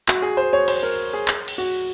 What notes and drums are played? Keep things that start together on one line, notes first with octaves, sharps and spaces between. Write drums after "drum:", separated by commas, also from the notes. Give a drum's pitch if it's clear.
F#4, drum: clap
G#4
C5
C#5
C5, drum: cymbal
A#4
G#4
drum: clap
drum: cymbal
F#4